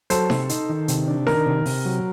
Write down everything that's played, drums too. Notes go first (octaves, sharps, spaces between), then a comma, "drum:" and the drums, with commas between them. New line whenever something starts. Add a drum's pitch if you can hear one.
F#3 A4 C5, drum: hi-hat
C3, drum: snare D#4
D#4, drum: hi-hat
D#3
C3, drum: hi-hat
D4
D#3 A#4, drum: snare D#4
C3
C3, drum: open hi-hat
F#3